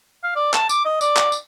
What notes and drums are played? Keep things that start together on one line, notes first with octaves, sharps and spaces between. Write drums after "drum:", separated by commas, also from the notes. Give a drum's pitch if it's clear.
F5
D5
A5, drum: clap
D6, drum: tambourine
D#5
D5, drum: tambourine
drum: clap
drum: tambourine